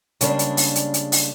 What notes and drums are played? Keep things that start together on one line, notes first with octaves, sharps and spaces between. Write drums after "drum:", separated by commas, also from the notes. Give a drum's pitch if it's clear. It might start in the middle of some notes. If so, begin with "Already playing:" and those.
C#3 G3 G#3 A#3 D4, drum: hi-hat
drum: hi-hat
drum: open hi-hat
drum: hi-hat
drum: hi-hat
drum: open hi-hat